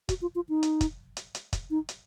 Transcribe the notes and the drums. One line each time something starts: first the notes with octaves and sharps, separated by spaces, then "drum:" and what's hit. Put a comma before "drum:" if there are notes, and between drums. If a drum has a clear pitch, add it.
F#4, drum: kick, hi-hat
F4
F4
D#4
drum: hi-hat
drum: kick, hi-hat
drum: hi-hat
drum: hi-hat
drum: kick, hi-hat
D#4
drum: hi-hat